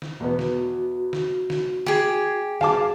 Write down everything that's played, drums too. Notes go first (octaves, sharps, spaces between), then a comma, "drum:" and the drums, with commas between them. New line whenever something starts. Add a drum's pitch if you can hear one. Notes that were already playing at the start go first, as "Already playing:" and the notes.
drum: snare
E2 B2 B3 F#4
drum: snare
drum: snare
drum: snare
G4 G#4, drum: snare
G#4 F5 A5 D6, drum: snare